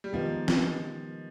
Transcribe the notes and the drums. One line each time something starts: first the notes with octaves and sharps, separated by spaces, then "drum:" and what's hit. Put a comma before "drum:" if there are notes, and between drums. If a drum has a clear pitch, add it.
G3
D#3 F3 G#3 B3 D#4 G4
drum: snare